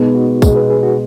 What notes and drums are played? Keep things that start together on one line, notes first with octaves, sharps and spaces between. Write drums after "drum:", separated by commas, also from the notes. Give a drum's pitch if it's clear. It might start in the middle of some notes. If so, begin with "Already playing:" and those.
Already playing: B2 G#3 B3 D#4
F#4
B2 G#3 B3 G#4, drum: kick, tambourine
B4
G#4
F#4